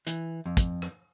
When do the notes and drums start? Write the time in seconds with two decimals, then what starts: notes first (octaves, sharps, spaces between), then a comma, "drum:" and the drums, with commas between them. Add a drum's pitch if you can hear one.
0.07 E3, drum: hi-hat
0.46 F2
0.57 drum: kick, hi-hat
0.82 drum: rim click